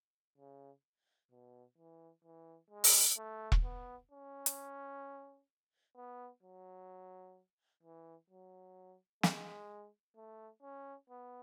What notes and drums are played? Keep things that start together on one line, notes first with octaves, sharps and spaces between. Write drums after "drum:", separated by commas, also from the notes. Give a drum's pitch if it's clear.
C#3
B2
E3
E3
G#3
drum: open hi-hat
A3
drum: kick E1
B3
C#4
drum: hi-hat
B3
F#3
E3
F#3
G#3, drum: snare
A3
C#4
B3